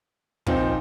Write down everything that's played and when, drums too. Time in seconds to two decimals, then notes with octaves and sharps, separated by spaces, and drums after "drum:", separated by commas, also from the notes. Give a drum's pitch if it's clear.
0.46 A#2 F3 C4 D#4, drum: kick